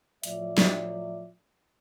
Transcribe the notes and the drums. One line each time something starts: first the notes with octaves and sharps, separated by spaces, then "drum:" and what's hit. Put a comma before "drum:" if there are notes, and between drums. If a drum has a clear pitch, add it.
A2 F3 F#3 C#5 D5 E5, drum: hi-hat
drum: snare